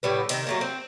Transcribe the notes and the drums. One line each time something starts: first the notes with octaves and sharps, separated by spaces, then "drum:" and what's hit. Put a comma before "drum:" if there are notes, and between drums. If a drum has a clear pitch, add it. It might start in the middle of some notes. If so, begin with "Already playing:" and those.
A2 D3 G3 B3
C3 D#3, drum: cymbal
F#3 A3 A#3
C4